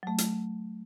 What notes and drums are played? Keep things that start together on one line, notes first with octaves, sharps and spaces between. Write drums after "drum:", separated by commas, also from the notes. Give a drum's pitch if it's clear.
F#3 A3
drum: hi-hat